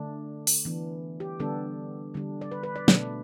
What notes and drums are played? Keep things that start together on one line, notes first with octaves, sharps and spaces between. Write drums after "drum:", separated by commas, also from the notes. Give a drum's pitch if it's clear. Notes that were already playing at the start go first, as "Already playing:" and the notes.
Already playing: D3 A3 D4
drum: open hi-hat
E3 B3 D4
G4
D3 G3 B3 D4 A4
D3 G3 D4
D5
B4
B4
D5
B2 A3 D4, drum: snare